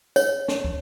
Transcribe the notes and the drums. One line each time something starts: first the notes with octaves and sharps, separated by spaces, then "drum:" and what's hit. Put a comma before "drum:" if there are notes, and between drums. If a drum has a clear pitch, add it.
C#5, drum: tambourine
drum: snare
drum: kick